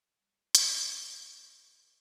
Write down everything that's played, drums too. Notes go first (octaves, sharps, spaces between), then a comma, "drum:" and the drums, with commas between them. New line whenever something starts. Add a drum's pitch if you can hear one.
G3
A3 G#4 B4 D#5 C6, drum: hi-hat
E5
F#4